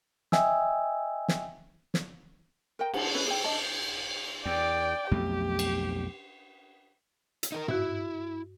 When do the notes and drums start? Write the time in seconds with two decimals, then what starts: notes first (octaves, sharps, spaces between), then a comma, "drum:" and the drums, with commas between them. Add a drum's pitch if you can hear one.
0.32 D#5 E5 G5 G#5 D#6 E6, drum: snare
1.28 drum: snare
1.94 drum: snare
2.79 A#4 C5 D#5 G5
2.93 F#5 A5, drum: cymbal
3.14 C#4 B4
3.27 G#4 C5 G5
3.44 D4 D#5 A5
4.46 E2 D5 G5
5.11 B1 F2 A3 G4
5.59 drum: cymbal
7.43 drum: hi-hat
7.52 D#4 A4 A#4
7.68 G2 E4 F#4, drum: tom G#2